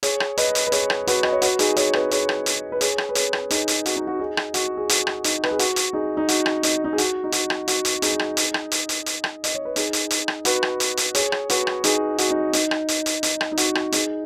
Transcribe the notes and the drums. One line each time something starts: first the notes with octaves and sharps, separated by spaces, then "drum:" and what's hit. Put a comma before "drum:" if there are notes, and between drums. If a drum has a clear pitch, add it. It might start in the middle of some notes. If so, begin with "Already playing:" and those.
G#4 C#5, drum: hi-hat
drum: rim click
B4 D#5, drum: hi-hat
drum: hi-hat
B4
G#4 C#5, drum: hi-hat
drum: rim click
F#4 B4, drum: hi-hat
D#5, drum: rim click
C#5
F#4 B4, drum: hi-hat
D#4 G#4, drum: hi-hat
G#4 C#5, drum: hi-hat
B4 D#5, drum: rim click
G#4 C#5, drum: hi-hat
drum: rim click
drum: hi-hat
B4
G#4 C#5, drum: hi-hat
drum: rim click
B4
G#4 C#5, drum: hi-hat
drum: rim click
D#4 G#4, drum: hi-hat
drum: hi-hat
F#4, drum: hi-hat
D#4
F#4
D#4 G#4
drum: rim click
F#4, drum: hi-hat
G#4
F#4, drum: hi-hat
drum: rim click
D#4, drum: hi-hat
B4, drum: rim click
G#4
F#4, drum: hi-hat
drum: hi-hat
D#4 G#4
D#4
F#4, drum: hi-hat
drum: rim click
D#4, drum: hi-hat
D#4
G#4
F#4, drum: hi-hat
D#4
F#4, drum: hi-hat
drum: rim click
F#4, drum: hi-hat
drum: hi-hat
D#4 G#4, drum: hi-hat
drum: rim click
drum: hi-hat
drum: rim click
drum: hi-hat
drum: hi-hat
drum: hi-hat
drum: rim click
D#5, drum: hi-hat
C#5
B4
D#4 G#4, drum: hi-hat
drum: hi-hat
drum: hi-hat
drum: rim click
F#4 B4, drum: hi-hat
drum: rim click
drum: hi-hat
drum: hi-hat
G#4 C#5, drum: hi-hat
drum: rim click
F#4 B4, drum: hi-hat
drum: rim click
D#4 G#4, drum: hi-hat
F#4, drum: hi-hat
D#4
D#4, drum: hi-hat
drum: rim click
drum: hi-hat
drum: hi-hat
D#4, drum: hi-hat
drum: rim click
D#4
F#4, drum: hi-hat
drum: rim click
D#4 G#4, drum: hi-hat